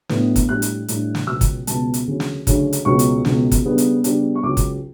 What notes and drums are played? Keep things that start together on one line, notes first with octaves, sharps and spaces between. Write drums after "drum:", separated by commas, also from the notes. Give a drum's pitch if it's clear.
A2 G3 B3 D4, drum: snare
drum: kick, hi-hat
A2 G3 D4 F#6
drum: hi-hat
A2 G3 D4, drum: hi-hat
drum: snare
C#2 B2 F#3 B3 E6
drum: kick, hi-hat
C#2 B2 F#3 B3 A5, drum: hi-hat
drum: hi-hat
D2 C#3 F#3 C#4
drum: snare
D2 C#3 F#3 C#4, drum: kick, hi-hat
drum: hi-hat
C#2 B2 F#3 C#6
drum: hi-hat
C#2 B2 F#3, drum: snare
drum: kick, hi-hat
C#3 G3 B3 D4
drum: hi-hat
C#3 G3 B3 D4, drum: hi-hat
C#6
C#2 C#3 F#3 C#4 D6
drum: kick, hi-hat